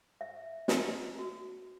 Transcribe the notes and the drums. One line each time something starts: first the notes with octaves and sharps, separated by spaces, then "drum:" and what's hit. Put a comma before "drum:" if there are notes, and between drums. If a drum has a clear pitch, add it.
E5
drum: snare
F#4